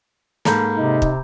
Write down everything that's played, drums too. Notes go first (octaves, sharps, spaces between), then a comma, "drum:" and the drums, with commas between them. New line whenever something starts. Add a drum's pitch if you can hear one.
G#2 A#3 A4 A#5 B5 G6, drum: snare
C3 D#4
drum: kick